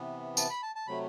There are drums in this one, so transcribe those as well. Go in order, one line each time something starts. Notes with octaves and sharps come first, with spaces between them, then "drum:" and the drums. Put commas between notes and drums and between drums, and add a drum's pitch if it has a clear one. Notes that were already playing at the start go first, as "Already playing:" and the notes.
Already playing: C3 E3 B3
A5, drum: tambourine
B5
A5
A5
C3 F#3 A3 B5